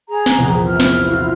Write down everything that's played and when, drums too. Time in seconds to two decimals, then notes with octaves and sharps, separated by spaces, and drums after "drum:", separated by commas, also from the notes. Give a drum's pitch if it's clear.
0.09 G#4 A#5
0.26 drum: snare
0.37 A#1 E2 C3
0.66 E4 F6
0.80 drum: snare
1.07 D#4 F4 F#4